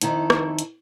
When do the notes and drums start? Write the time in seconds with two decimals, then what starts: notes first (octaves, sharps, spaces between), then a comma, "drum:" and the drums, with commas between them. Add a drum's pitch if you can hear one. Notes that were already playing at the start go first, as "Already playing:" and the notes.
0.01 F2 D#3 E4 A4, drum: hi-hat
0.30 drum: rim click
0.59 drum: hi-hat